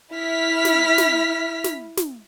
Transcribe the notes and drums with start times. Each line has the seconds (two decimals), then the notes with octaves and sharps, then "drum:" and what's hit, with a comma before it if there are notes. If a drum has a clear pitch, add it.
0.15 E4 F6 B6
0.65 drum: snare
0.98 drum: snare
1.64 drum: snare
1.97 drum: snare